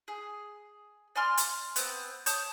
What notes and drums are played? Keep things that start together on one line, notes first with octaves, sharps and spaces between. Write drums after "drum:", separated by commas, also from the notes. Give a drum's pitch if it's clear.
G#4
D5 G#5 C6 F6
drum: hi-hat
B3 C4, drum: hi-hat
C#5 A5 D#6 G6, drum: hi-hat